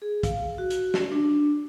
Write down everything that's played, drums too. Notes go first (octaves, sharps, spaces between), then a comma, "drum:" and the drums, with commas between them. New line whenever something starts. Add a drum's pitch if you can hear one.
G#4
F5, drum: kick, hi-hat
F#4
drum: hi-hat
drum: snare
D4